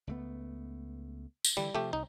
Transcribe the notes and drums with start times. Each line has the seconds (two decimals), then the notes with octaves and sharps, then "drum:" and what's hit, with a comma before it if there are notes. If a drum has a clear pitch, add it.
0.07 C#2 A3 B3
1.44 drum: tambourine
1.57 D3 E3 G3
1.75 C3 F3 A3 G4
1.93 C2 D#4